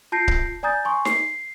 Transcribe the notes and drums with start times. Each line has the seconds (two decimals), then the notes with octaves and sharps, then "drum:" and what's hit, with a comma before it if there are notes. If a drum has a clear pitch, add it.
0.12 F4 A5 G6 A#6 C7 D7
0.28 drum: kick C#1
0.63 D5 G#5 A#5 D#6 G6 A6
0.85 G#5 C6 C#6
1.05 C7, drum: snare